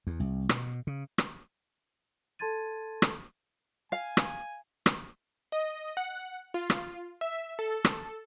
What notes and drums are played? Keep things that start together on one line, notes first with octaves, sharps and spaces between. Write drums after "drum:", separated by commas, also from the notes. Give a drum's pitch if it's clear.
E2
C2
B2, drum: rim click
C#3
drum: rim click
A4 A5 C6 G#6 A6 D#7
drum: rim click
F5 G#5
drum: rim click
drum: rim click
D#5
F#5
F4
drum: rim click
E5
A4
drum: rim click